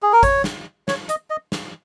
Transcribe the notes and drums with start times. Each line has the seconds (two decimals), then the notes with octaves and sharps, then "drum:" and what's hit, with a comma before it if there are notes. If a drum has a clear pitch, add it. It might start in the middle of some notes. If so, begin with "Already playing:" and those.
0.02 G#4
0.13 A#4
0.23 C#5, drum: kick, hi-hat
0.44 drum: snare
0.88 C#5, drum: snare
1.09 D#5, drum: hi-hat
1.30 D#5
1.52 drum: snare